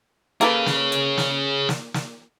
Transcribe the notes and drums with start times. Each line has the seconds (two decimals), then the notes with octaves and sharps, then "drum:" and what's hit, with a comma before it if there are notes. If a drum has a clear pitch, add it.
0.41 A#3 G#4 A4 B4 C#5, drum: hi-hat
0.66 drum: snare
0.92 drum: hi-hat
1.18 drum: snare
1.69 drum: snare
1.94 drum: snare